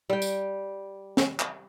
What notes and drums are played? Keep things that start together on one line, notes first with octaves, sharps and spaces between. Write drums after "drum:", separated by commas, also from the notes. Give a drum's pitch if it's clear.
G3 G5
drum: tambourine
drum: snare
drum: clap